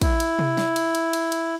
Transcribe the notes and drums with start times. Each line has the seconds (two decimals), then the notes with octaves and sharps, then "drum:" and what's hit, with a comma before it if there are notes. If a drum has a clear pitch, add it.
0.01 E4, drum: kick, cymbal
0.20 drum: cymbal
0.39 drum: tom C3
0.57 drum: snare
0.76 drum: cymbal
0.95 drum: cymbal
1.13 drum: cymbal
1.32 drum: cymbal